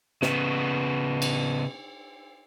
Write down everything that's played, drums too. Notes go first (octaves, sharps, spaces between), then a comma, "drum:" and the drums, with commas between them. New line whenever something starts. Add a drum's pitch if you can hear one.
C#3 B3, drum: snare
drum: cymbal